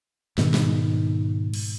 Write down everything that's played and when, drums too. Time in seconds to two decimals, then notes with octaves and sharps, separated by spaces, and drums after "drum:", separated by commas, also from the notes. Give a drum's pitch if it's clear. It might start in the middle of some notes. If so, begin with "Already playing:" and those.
0.38 G#2 B2 D#3, drum: snare
0.54 drum: snare
1.54 drum: cymbal